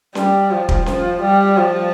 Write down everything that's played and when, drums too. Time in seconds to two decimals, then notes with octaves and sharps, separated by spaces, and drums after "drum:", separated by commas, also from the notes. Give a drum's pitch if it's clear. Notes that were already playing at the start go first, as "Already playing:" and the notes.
0.15 G3, drum: snare C#4
0.51 F3
0.69 drum: kick
0.86 F3, drum: snare C#4
1.22 G3
1.58 F3